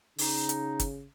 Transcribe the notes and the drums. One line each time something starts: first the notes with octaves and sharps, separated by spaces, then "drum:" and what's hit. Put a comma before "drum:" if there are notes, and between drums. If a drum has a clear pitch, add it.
C#3 D#4, drum: open hi-hat
drum: hi-hat
drum: kick, hi-hat